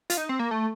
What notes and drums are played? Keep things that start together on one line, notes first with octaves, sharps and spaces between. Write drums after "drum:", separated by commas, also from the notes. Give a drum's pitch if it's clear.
F4, drum: hi-hat
D#4
C4
A#3
A3